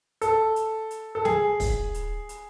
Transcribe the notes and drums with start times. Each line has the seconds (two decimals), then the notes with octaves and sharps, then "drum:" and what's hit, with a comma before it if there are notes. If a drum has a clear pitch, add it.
0.21 A4, drum: hi-hat
0.56 drum: hi-hat
0.91 drum: hi-hat
1.15 A4
1.25 G#4, drum: snare
1.60 drum: kick, open hi-hat
1.94 drum: hi-hat
2.29 drum: hi-hat